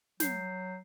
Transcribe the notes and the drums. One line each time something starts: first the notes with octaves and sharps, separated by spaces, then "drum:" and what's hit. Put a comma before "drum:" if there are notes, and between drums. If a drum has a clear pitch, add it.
F#3 G6 C7, drum: snare